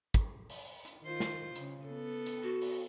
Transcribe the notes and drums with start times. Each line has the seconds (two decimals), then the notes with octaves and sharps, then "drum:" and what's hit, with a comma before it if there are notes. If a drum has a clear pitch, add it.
0.14 drum: kick, hi-hat
0.50 drum: open hi-hat
0.85 drum: hi-hat
1.02 D#3 F4 C5
1.20 drum: snare
1.56 C#3, drum: hi-hat
1.88 B3 A4
2.26 drum: hi-hat
2.43 F#4
2.62 drum: open hi-hat